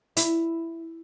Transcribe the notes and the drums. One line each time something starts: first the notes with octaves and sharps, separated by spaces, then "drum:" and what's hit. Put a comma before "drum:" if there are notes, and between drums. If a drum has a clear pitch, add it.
E4, drum: hi-hat